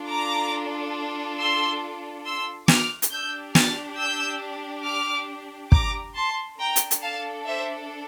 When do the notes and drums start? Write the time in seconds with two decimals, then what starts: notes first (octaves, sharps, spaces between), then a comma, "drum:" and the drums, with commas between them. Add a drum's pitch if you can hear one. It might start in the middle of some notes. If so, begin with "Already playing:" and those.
Already playing: D4 F4 A4
0.09 A#5 D6
1.38 C6 E6
2.26 C6 E6
2.68 D6 F6, drum: snare
3.02 drum: hi-hat
3.11 D4 G4 E6 G6
3.55 F6 A6, drum: snare
3.98 E6 G6
4.85 D6 F6
5.72 A#5 D6, drum: kick
6.16 A5 C6
6.59 D4 A4 G5 A#5
6.76 drum: hi-hat
6.91 drum: hi-hat
7.03 F5 A5
7.46 C5 E5